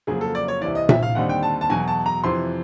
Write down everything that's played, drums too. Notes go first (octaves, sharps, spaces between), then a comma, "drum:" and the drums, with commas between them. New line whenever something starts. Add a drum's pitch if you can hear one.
F2 C#3 F#3 A#3 G#4
A4
D5
C#5
C2 C3 E3 D5
D#5
E5, drum: tom A#2
F5
D#2 D3 G3 C4 D#4 F#5
G5
A5
A5
E2 B2 F#3 G#5
A5
A#5
F2 C3 E3 C6